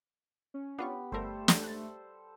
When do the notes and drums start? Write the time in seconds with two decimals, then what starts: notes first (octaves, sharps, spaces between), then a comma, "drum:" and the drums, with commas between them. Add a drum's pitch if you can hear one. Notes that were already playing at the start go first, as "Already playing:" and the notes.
0.54 C#4
0.79 B3 D4 F4 G4 C#6
1.12 G1 G3 A3 A4 A#4 C5
1.48 drum: snare
1.64 F#6 A6